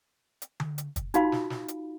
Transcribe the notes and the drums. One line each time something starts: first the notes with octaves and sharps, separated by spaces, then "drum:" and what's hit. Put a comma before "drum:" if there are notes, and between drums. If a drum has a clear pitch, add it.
drum: hi-hat
drum: tom D3
drum: hi-hat
drum: kick, hi-hat
D#4 F4 F#4 F5 B5, drum: hi-hat
drum: snare
drum: snare
drum: hi-hat